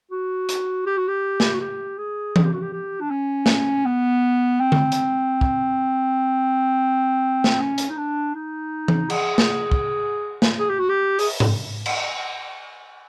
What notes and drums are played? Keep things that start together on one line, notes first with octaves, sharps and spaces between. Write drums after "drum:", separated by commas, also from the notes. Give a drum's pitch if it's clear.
F#4
drum: hi-hat
G4
F#4
G4
drum: snare
F#4
G4
G#4
G#4, drum: tom E3
G4
F#4
G4
G4
D4
C#4
drum: snare
B3
C4
drum: tom D3
drum: hi-hat
drum: kick
drum: snare
C#4
drum: hi-hat
D#4
D4
D#4
drum: tom E3
G#4, drum: cymbal
drum: snare
drum: kick
drum: snare
G#4
G4
F#4
G4
G#4, drum: open hi-hat
drum: tom G#2
drum: cymbal